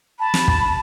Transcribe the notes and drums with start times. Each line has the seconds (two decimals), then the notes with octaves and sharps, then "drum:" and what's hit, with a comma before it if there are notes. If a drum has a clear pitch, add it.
0.20 A5 B5
0.34 drum: snare
0.48 drum: kick